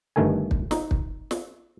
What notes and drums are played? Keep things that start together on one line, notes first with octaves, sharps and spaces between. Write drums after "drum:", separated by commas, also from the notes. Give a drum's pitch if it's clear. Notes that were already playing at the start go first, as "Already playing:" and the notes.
G1 G2 D#3 A3 A4 G#5
drum: kick
D#4, drum: snare
drum: kick
drum: snare